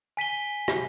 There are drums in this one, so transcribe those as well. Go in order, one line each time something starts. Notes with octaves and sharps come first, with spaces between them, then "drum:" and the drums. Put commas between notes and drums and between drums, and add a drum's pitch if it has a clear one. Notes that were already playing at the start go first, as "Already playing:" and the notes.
G#5 B6 D#7 G7
drum: rim click